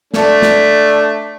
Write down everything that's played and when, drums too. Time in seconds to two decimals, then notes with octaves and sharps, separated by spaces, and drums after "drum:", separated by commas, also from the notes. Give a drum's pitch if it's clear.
0.14 A3 D4, drum: snare
0.42 drum: snare